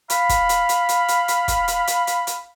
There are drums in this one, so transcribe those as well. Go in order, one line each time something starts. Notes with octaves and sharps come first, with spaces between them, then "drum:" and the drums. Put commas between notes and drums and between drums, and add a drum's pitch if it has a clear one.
F5 B5, drum: hi-hat
drum: kick, hi-hat
drum: hi-hat
drum: hi-hat
drum: hi-hat
drum: hi-hat
drum: hi-hat
drum: kick, hi-hat
drum: hi-hat
drum: hi-hat
drum: hi-hat
drum: hi-hat